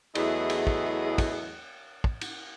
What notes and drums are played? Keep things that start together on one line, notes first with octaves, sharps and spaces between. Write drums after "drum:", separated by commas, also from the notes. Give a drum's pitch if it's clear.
E2 F#3 A3 E4 G#4 D#5, drum: cymbal
drum: cymbal
drum: kick
drum: kick, cymbal
drum: kick
drum: cymbal